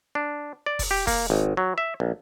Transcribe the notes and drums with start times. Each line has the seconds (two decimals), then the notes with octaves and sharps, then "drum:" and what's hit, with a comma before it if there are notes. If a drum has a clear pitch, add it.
0.15 D4
0.66 D5
0.79 drum: kick, open hi-hat
0.91 G4
1.07 A#3, drum: kick, open hi-hat
1.30 G#1
1.57 F#3
1.78 E5
2.00 A#1